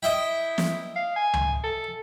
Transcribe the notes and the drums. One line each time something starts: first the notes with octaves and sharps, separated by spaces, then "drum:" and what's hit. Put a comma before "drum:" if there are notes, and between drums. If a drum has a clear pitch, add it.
E4 D#5 E5 G5
drum: snare
F5
G#5
drum: tom C#2
A4